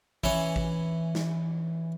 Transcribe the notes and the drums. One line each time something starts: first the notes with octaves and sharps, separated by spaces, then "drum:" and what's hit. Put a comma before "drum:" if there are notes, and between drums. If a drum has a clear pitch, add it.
E3 C#4, drum: kick A1
drum: kick A1
drum: snare